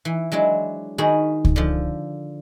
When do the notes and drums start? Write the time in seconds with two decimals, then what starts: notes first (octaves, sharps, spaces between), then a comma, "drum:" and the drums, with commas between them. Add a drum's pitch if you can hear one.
0.05 E3
0.32 F#3 G#3 D4 E4
0.98 D#3 F#4 G#4 B5
1.45 drum: kick C#2
1.56 D3 F3